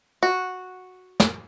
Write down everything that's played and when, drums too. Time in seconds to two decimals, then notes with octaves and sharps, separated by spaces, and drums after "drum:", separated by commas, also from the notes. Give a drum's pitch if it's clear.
0.23 F#4
1.20 drum: snare